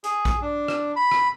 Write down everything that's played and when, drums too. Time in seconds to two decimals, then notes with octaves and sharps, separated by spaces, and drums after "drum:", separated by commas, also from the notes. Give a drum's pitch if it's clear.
0.04 G#4, drum: hi-hat
0.25 drum: kick A#1, hi-hat
0.42 D4
0.68 drum: rim click
0.96 B5
1.11 drum: rim click